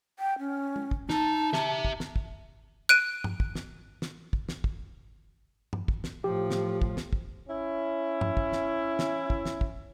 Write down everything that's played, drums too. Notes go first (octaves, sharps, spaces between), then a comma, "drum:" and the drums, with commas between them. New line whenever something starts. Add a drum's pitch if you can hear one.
G5
C#4
drum: tom G#3
drum: kick
D#4 A5, drum: snare
G4 E5, drum: snare
drum: kick
drum: snare
drum: kick
F#6 D7 D#7
drum: tom G2
drum: kick
drum: snare
drum: snare
drum: kick
drum: snare
drum: kick
drum: tom G2
drum: kick
drum: snare
A2 F3 G4
drum: snare
drum: kick
drum: snare
drum: kick
C#4 E4
drum: tom G2
drum: kick
drum: snare
drum: snare
drum: kick
drum: snare
drum: kick